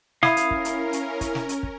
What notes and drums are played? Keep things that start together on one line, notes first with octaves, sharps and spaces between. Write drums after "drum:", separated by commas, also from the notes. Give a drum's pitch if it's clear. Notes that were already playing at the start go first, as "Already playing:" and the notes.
C#4 E4 A#4 E5 F5 B5 D#6 G#6, drum: snare
drum: hi-hat
drum: kick
drum: hi-hat
drum: hi-hat
drum: kick, hi-hat
drum: snare
drum: hi-hat
drum: kick